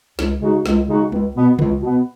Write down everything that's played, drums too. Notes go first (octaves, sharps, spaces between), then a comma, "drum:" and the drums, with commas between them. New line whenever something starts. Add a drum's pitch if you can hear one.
C#2, drum: snare
C#3 G#3 D#4 F#4
C#2, drum: snare
C#3 G#3 D#4 F#4
C#2, drum: tom G3
B2 B3
C#2, drum: tom C3
B2 B3